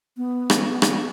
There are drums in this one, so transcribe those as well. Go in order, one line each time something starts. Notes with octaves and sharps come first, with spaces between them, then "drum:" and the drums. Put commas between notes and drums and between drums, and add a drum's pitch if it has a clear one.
B3
drum: rim click
drum: rim click